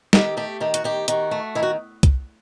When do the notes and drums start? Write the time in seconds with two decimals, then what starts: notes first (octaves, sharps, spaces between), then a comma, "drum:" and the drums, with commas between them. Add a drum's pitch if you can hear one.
0.13 D#3 G4, drum: snare
0.37 A3 G4
0.60 D#3 G4
0.74 F#4, drum: hi-hat
0.84 D#3 G4
1.08 D#3 F#4, drum: hi-hat
1.31 A3
1.55 D#3 E4
1.63 F#4
2.03 drum: kick C2, hi-hat